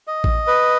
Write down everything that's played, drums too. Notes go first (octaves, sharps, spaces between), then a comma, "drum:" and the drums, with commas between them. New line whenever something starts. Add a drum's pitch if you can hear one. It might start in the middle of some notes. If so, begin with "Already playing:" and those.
D#5
drum: kick A1
B4